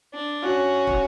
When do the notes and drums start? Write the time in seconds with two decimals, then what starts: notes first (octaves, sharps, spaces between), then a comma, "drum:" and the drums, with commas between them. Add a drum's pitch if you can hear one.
0.14 D4
0.43 C#4 F#4
0.87 drum: kick